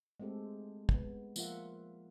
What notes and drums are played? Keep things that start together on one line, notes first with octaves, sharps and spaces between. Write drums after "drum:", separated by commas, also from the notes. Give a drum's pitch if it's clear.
G#3 A3 C4 G4 A4
G#3 B3, drum: kick
F3 A#3 F4 A#4 E5 F#5, drum: tambourine